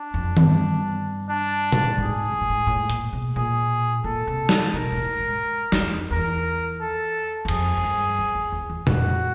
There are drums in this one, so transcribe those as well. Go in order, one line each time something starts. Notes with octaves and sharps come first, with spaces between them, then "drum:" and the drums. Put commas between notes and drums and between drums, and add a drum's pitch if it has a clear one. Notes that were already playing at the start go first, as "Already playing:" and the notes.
Already playing: D4
F2
G2, drum: tom D#3
D4
drum: tom A#2
G#2 G#4
G#2
A2
G#2
A2
A#2, drum: hi-hat
B2
A#2 G#4
A#2 A4
C3
drum: snare
B2 A#4
A#2
A2
G#2
F#2, drum: snare
F2
E2 A#4
A4
F#2
F2 G#4, drum: cymbal
F#2
G2
F#2
F2
E2
E2
F2 F#4, drum: tom A#2